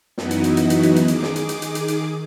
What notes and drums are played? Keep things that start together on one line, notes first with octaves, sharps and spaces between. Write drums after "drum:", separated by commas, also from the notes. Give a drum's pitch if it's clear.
F#2 E3 B3 D#4 E4 F#4, drum: snare
drum: hi-hat
drum: hi-hat
drum: hi-hat
drum: hi-hat
drum: hi-hat
drum: hi-hat
D#3 G#4 D6, drum: hi-hat
drum: snare
drum: hi-hat
drum: hi-hat
drum: hi-hat
drum: hi-hat
drum: hi-hat